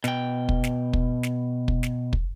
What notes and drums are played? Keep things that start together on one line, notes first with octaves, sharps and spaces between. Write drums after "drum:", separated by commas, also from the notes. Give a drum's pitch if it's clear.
B2 G5, drum: snare
drum: kick
drum: snare
drum: kick
drum: snare
drum: kick
drum: snare
drum: kick